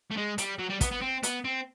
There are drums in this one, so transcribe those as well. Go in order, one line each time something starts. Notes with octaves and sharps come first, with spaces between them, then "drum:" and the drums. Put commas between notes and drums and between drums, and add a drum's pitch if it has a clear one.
A3
G#3
G3, drum: hi-hat
F#3
G3
B3, drum: kick, hi-hat
B3
C4
B3, drum: hi-hat
C4